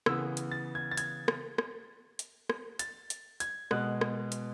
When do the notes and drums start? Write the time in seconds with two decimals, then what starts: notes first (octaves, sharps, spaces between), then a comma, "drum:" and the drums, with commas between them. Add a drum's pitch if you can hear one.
0.06 C#3 E3 B3 E6, drum: rim click
0.37 drum: hi-hat
0.51 A6
0.75 G#6
0.91 A6
0.97 G#6, drum: hi-hat
1.28 drum: rim click
1.58 drum: rim click
2.19 drum: hi-hat
2.50 drum: rim click
2.79 A6, drum: hi-hat
3.10 drum: hi-hat
3.40 G#6, drum: hi-hat
3.71 B2 G#3 B3 F#6, drum: rim click
4.01 drum: rim click
4.32 drum: hi-hat